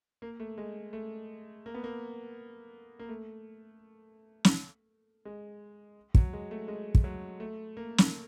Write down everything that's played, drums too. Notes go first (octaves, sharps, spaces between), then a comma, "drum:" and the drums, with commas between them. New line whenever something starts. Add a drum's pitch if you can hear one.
A#3
A3
G#3
A3
A#3
B3
A#3
A#3
A3
drum: snare
G#3
F#3, drum: kick
G#3
A3
G#3
drum: kick
F#3
A3
A#3
drum: snare